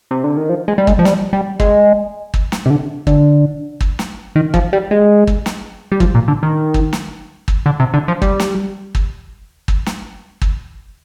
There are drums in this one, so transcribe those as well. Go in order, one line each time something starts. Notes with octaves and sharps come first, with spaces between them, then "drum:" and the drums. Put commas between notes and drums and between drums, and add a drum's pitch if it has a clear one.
C3
D3
D#3
F3
G#3
G3
G#3, drum: kick
F3
G3, drum: snare
G3
G#3, drum: kick
drum: kick
drum: snare
C3
D3
D3, drum: kick
drum: kick
drum: snare
D#3
F3, drum: kick
G3
G#3
drum: kick
drum: snare
G3
F3, drum: kick
A#2
D3
D#3
drum: kick
drum: snare
drum: kick
D3
C3
D3
F3
G3, drum: kick
drum: snare
drum: kick
drum: kick
drum: snare
drum: kick